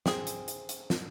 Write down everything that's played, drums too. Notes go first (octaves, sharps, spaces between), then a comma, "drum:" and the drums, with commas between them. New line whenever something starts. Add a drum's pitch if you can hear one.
C4 G#4, drum: snare
drum: hi-hat
drum: hi-hat
drum: hi-hat
drum: snare